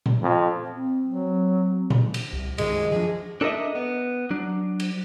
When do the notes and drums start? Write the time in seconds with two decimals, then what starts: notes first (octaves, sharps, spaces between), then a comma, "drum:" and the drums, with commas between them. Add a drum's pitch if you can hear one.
0.06 drum: tom A#2
0.22 F2
0.74 C4
1.06 F#3
1.90 drum: tom A#2
2.14 drum: cymbal
2.33 C2
2.58 F#2 C3 D#3 G#3, drum: cymbal
2.92 F3 D4 G#4
3.41 D4 A4 A#4 C5 D#5 E5
3.75 B3
4.30 F#3 D4
4.80 drum: cymbal